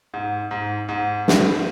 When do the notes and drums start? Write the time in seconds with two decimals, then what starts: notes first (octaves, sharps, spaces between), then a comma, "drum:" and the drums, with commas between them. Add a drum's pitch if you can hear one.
0.14 G#2
0.51 G#2
0.89 G#2
1.28 drum: snare